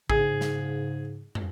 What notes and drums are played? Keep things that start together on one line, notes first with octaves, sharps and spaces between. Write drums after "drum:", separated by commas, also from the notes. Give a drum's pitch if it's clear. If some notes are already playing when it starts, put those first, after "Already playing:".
G#2 C#3 G#4, drum: kick A1
drum: snare
drum: tom